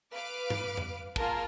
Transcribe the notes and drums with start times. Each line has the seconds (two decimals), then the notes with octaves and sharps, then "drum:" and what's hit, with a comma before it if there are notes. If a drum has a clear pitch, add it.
0.13 B4 F5 D6 D7
0.50 drum: tom G2
0.77 drum: tom F2
1.16 A#3 F4 G#4 A#4 A5, drum: kick